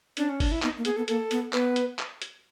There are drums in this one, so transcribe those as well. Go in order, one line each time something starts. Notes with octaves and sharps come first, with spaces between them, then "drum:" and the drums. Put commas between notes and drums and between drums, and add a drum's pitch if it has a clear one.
C#4 D4, drum: hi-hat
C#4
D4, drum: kick, open hi-hat
E4
B3 D#4, drum: clap
A#3
B3 G#4, drum: hi-hat
B3 A4
A#3 A4, drum: hi-hat
B3, drum: hi-hat
B3 B4, drum: clap
drum: hi-hat
drum: clap
drum: hi-hat